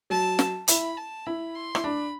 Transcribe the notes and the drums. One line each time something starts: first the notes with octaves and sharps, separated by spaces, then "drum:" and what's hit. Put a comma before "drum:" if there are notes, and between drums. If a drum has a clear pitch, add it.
F#3 A5
drum: snare
E4 B5, drum: hi-hat
A5
E4 B5
C6
E4, drum: rim click
D4 B5